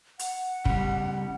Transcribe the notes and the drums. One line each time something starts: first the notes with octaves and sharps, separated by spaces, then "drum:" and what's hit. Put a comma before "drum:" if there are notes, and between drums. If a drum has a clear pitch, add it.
F#5, drum: hi-hat
C#3 G3, drum: kick